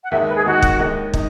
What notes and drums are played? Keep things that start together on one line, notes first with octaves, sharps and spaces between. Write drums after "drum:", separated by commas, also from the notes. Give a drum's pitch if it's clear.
F#5
D#2 D#3 G#3 D#4 E5
B4
G#4
D#2 D#3 G#3 D#4 F#4
drum: kick
D#2 D#3 G#3 D#4
D#4, drum: kick